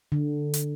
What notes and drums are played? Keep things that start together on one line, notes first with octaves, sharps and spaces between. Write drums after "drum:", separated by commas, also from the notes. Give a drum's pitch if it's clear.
D3
drum: hi-hat